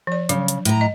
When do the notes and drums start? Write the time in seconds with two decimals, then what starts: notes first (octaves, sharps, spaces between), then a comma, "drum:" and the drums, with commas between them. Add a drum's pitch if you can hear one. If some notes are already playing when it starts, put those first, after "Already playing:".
0.07 F3 D5
0.29 C#3 F#3, drum: hi-hat
0.48 drum: hi-hat
0.65 A2 A#5, drum: hi-hat
0.81 D#5